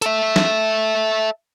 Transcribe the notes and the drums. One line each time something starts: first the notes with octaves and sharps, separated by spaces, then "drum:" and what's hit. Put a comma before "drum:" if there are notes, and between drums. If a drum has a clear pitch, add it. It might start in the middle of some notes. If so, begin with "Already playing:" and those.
A4 E5, drum: hi-hat
drum: snare